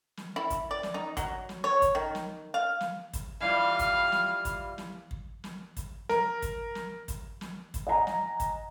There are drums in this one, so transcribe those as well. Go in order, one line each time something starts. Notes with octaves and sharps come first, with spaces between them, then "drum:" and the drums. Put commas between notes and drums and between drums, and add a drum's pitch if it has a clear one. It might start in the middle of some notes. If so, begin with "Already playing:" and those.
drum: snare
E4
drum: kick, hi-hat
D5
drum: snare
D#4
F#3, drum: kick, hi-hat
drum: snare
C#5
drum: kick, hi-hat
D#3
drum: snare
F5
drum: snare
drum: kick, hi-hat
E3 G3 F4 F5
drum: kick, hi-hat
drum: snare
drum: kick, hi-hat
drum: snare
drum: kick
drum: snare
drum: kick, hi-hat
A#4, drum: snare
drum: kick, hi-hat
drum: snare
drum: kick, hi-hat
drum: snare
drum: kick, hi-hat
D#5 F#5 G#5 A#5
drum: snare
drum: kick, hi-hat